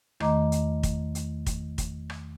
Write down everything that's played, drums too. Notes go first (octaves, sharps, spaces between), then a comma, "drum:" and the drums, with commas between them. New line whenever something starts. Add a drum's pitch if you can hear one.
E2 D#3 A3 D#5 A#5 D6, drum: rim click
drum: hi-hat
drum: kick, hi-hat
drum: hi-hat
drum: kick, hi-hat
drum: kick, hi-hat
drum: rim click